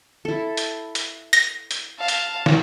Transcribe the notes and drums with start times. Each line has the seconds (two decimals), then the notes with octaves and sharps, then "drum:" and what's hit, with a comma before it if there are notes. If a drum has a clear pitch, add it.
0.25 E4 A4
0.57 drum: hi-hat
0.95 drum: hi-hat
1.33 A#6, drum: hi-hat
1.71 drum: hi-hat
1.99 F5 A5
2.08 drum: hi-hat
2.46 drum: snare